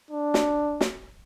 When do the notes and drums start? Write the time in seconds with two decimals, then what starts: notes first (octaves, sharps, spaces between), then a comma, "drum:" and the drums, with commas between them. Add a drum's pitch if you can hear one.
0.11 D4
0.34 drum: snare
0.81 drum: snare